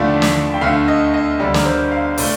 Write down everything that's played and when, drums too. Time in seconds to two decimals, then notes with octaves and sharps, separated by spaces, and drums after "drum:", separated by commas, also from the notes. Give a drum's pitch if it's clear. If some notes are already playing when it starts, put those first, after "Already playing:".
Already playing: D#2 D3 F3 A3 D5
0.22 drum: snare
0.54 G5
0.61 D2 D3 A3 F5
0.88 D#5
1.14 D#5
1.40 D2 D3 G3 D5
1.54 A#4, drum: snare
1.65 C5
1.92 F5
2.18 A#2 A3 D5, drum: open hi-hat